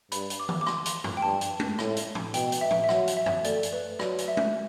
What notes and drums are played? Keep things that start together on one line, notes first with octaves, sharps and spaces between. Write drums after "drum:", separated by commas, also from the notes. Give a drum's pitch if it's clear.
G2 B5, drum: hi-hat
drum: hi-hat
D6
drum: tom D#3
D6
C6, drum: rim click
drum: hi-hat
drum: tom F#2
G5
G2 A5
drum: hi-hat
drum: tom G#3
A2, drum: rim click
drum: hi-hat
drum: tom A2
B2 G5, drum: hi-hat
drum: hi-hat
E5
drum: tom A2
E5
F#3 F#5, drum: rim click
drum: hi-hat
E5
drum: tom F#2
A3 D5, drum: hi-hat
drum: hi-hat
B4
F#3 D5, drum: rim click
drum: hi-hat
E5
drum: tom G#3